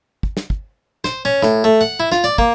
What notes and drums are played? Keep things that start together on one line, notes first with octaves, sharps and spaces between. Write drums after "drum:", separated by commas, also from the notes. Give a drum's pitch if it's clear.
drum: kick
drum: snare
drum: kick
C5, drum: snare
C#4
A2, drum: snare
A3
F#5
E4
F4, drum: snare
D5
A#3, drum: kick